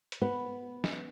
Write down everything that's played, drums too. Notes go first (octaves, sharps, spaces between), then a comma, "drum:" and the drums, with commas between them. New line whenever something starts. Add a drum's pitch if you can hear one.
drum: hi-hat
B3
drum: snare